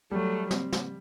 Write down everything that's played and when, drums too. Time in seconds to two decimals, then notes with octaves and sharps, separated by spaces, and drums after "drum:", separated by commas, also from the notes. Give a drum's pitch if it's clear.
0.11 F#3 G3 A3
0.51 C4, drum: snare
0.72 drum: snare